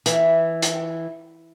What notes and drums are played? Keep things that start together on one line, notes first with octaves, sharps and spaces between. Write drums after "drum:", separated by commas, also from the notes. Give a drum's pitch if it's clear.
E3, drum: hi-hat
drum: hi-hat